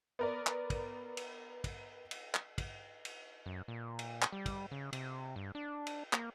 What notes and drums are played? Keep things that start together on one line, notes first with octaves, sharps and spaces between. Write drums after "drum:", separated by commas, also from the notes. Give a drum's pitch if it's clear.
B3 A#4 D5
drum: clap
drum: kick, cymbal
drum: cymbal
drum: kick, cymbal
drum: cymbal
drum: clap
drum: kick, cymbal
drum: cymbal
F#2
A#2
drum: cymbal
drum: clap
G3
drum: kick, cymbal
C#3
C3, drum: cymbal
G2
D4
drum: cymbal
A#3, drum: clap